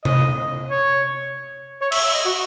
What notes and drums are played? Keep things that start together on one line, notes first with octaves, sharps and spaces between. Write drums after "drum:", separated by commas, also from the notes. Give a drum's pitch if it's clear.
D#5, drum: tom C3
C#5
C#5
E5, drum: cymbal
E5
D#5
F#4